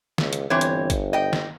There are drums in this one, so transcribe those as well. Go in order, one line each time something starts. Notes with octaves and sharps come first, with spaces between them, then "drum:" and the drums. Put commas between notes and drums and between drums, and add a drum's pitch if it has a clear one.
C#2, drum: snare
drum: hi-hat
G1 E3 C4 C#5
drum: hi-hat
drum: kick, hi-hat
D#5 G5
drum: snare